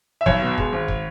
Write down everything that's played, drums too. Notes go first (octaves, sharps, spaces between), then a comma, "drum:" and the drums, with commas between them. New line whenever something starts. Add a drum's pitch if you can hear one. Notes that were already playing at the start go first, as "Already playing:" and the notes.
E5
B1 C#5, drum: kick
B2
G#3, drum: kick
G#1
drum: kick